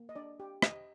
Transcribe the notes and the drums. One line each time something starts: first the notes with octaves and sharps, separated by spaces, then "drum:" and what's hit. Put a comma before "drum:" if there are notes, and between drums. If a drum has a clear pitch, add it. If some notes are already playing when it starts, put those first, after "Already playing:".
Already playing: A#3
D#5
D4 D5
G4
G4 D#5, drum: rim click